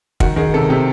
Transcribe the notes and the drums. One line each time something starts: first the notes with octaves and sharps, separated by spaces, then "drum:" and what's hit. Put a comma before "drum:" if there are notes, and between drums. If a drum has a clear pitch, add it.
D#3 F#4, drum: kick
D#3 G#4
C3 A4
C3 G4